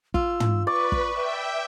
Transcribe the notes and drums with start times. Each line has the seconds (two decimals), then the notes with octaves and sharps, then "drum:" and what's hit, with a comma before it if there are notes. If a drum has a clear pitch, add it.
0.14 F4 E6, drum: kick
0.40 drum: tom
0.67 B4 D5 C#6
0.92 drum: kick
1.10 E5 G5